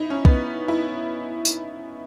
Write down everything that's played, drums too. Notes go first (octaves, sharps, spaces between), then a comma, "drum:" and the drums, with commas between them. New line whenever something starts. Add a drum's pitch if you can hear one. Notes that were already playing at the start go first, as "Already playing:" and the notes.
Already playing: D#4 E4
C#4
B3, drum: kick
E4
drum: tambourine